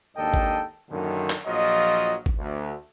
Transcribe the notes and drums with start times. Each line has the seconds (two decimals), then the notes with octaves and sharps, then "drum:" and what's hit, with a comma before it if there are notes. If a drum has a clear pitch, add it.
0.17 D#2 G#2 D4 A4 D#5 G5
0.34 drum: kick G#1
0.90 F#2 A#2 D3 D#3
1.30 drum: clap
1.46 A#1 F3 F#3 F4 D#5
2.26 drum: kick G#1
2.38 D2